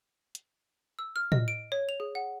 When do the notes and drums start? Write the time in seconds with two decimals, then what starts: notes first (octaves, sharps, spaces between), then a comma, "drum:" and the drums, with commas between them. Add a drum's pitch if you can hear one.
0.35 drum: hi-hat
0.99 E6
1.16 F6
1.32 D#5, drum: tom A2
1.48 D7
1.72 C#5
1.89 F7
2.00 G#4
2.15 F#5